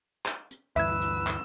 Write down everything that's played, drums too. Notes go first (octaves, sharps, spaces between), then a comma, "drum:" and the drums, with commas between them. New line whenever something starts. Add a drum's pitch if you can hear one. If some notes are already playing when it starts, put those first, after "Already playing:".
drum: clap
drum: hi-hat
D2 G2 E3 B4 E5 E6 G#6, drum: hi-hat
drum: hi-hat
drum: clap